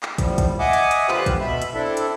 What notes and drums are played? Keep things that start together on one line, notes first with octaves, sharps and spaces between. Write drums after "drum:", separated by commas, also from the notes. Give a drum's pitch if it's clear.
drum: clap
A2 F3 G3, drum: kick, hi-hat
drum: kick, hi-hat
D#5 E5 F#5 G#5 D6 D#6
drum: hi-hat
drum: hi-hat
D3 F4 G4 B4 C5 F#6, drum: clap
drum: kick, hi-hat
B2 E5 B5
drum: hi-hat
C4 D4 E4 A4
drum: hi-hat